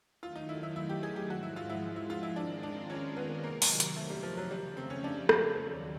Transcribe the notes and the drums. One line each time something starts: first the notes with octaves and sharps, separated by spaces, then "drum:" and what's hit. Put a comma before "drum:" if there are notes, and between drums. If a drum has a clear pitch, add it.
D#3 F#3 A3 F4
D#4
E4
E4
E4
G4
G#4
G4
G#2 F3 G#3 F#4
E4
F4
E4
E4
F4
E4
D#3 G#3 C4 D4 F4 A#4
D4
C#4
B3
C3 D#3 F#3 A#3
drum: open hi-hat
drum: hi-hat
A3
G3
F3
F#3
F2 C#3 F3 G3 A3
C4
C#4
D4
drum: rim click
D#2 D#3 F#3